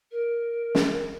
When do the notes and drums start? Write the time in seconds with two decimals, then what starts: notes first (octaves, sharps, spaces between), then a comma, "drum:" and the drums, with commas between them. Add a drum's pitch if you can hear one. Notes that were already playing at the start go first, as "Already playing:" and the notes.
0.11 A#4
0.75 drum: snare